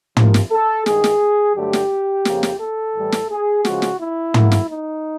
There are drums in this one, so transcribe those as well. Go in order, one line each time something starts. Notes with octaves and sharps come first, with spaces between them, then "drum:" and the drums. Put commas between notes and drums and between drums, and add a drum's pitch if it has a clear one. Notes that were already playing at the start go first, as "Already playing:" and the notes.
C3 F3 A#3, drum: tom
drum: snare
A4
G2 D#3 G#3 G#4, drum: snare
drum: snare
G2 D3 F#3 A3 G4
drum: snare
F2 C#3 F3 A#3, drum: snare
drum: snare
A4
A2 E3 G3
drum: snare
G#4
C#3 F3 G#3 F#4, drum: snare
drum: snare
E4
F#2 C#3 F#3 A#3, drum: tom
drum: snare
D#4